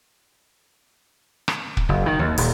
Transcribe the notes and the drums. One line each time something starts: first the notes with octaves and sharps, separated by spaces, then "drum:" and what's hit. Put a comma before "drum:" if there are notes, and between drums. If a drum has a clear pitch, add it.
drum: rim click
drum: kick
F#1
D#3
D#2
D#1, drum: open hi-hat